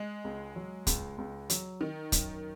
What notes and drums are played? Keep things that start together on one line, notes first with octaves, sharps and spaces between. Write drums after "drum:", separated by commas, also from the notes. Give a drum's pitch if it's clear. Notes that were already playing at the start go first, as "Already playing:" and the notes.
Already playing: G#3
C#2
F#3
C#2, drum: kick, hi-hat
C#2
F#3, drum: hi-hat
D#3 D#4
F#2, drum: kick, hi-hat